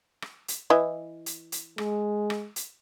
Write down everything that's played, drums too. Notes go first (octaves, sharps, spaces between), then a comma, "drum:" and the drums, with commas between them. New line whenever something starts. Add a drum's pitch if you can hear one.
drum: rim click
drum: hi-hat
E3 E4 D#5
drum: hi-hat
drum: hi-hat
G#3, drum: rim click
drum: rim click
drum: hi-hat